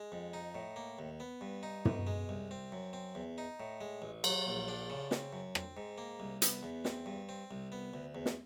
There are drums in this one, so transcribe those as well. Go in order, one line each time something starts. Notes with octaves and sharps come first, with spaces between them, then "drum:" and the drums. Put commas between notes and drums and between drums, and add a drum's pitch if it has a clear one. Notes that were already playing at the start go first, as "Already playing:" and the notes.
Already playing: G#3
F2
D#4
A2
A#3
D#2
B3
G2
D#4
B2, drum: tom
G#3
C2
C4
F#2
C4
E2
D#4
A2
G#3
A1
F#3, drum: cymbal
A#1
D4
C#3
C4, drum: snare
F#2
C4, drum: rim click
G#2
A#3
C2
B3, drum: hi-hat
E2
C4, drum: snare
G2
C4
C2
B3
D2
E2
drum: snare